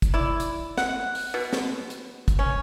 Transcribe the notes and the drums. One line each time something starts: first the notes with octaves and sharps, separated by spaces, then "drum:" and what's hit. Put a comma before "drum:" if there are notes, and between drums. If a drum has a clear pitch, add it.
drum: kick, hi-hat
E4 D5
drum: hi-hat
F#5, drum: snare
drum: open hi-hat
B2
drum: snare
drum: hi-hat
drum: kick, hi-hat
C#4